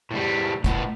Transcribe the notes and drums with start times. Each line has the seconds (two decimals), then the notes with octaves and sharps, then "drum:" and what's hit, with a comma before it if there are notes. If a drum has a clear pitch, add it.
0.11 A2 G3
0.64 A2 B3, drum: kick, hi-hat